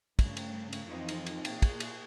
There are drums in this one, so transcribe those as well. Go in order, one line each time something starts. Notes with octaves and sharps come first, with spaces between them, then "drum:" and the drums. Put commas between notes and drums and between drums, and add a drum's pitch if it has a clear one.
G2 C#3 A3, drum: kick, cymbal
drum: cymbal
drum: cymbal
F2 E3 C4 D#4 F4
drum: cymbal
drum: cymbal
A#2 G#4, drum: cymbal
drum: kick, cymbal
drum: cymbal